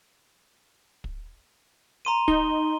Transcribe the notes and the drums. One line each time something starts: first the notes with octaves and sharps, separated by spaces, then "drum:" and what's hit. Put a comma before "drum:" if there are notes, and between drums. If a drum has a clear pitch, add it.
drum: kick
A#5 C6 D#7
D#4 G7, drum: kick